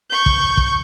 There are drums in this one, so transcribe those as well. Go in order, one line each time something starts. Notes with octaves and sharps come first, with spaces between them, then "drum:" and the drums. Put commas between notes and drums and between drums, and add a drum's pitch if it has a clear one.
C#6 G6
drum: kick
drum: kick